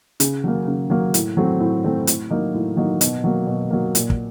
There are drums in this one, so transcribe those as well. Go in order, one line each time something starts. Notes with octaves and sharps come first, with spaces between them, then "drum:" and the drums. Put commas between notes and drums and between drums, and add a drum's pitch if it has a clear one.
C#3, drum: hi-hat
F#3 A#3
C#3
F#3 A#3
A2, drum: hi-hat
F#3 A3 C4
A2
F#3 A3 C4
A2, drum: hi-hat
F#3 A#3 D#4
A2
F#3 A#3 D#4
B2, drum: hi-hat
F#3 A#3
B2
F#3 A#3
A#2, drum: hi-hat
drum: kick